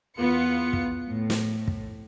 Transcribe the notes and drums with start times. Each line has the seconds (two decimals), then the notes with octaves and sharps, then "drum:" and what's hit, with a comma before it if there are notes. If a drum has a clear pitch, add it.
0.17 E2 B3 F4 C#7
0.73 drum: kick
1.10 A2
1.30 drum: snare
1.68 drum: kick